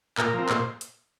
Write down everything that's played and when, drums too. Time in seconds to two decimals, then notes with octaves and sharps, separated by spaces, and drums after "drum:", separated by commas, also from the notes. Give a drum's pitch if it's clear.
0.18 A#2 A#4, drum: clap
0.34 F3 C4
0.49 A#2 C5, drum: clap
0.81 drum: hi-hat